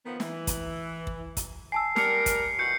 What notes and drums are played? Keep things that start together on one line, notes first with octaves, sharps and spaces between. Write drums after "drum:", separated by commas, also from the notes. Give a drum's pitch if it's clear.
D#3 F3 B3
E3, drum: snare
drum: kick, hi-hat
drum: kick
drum: kick, hi-hat
G#5 A5 E6 C7
G3 A#4 C7 C#7, drum: snare
drum: kick, hi-hat
E3 D#4 F#4 G6 C#7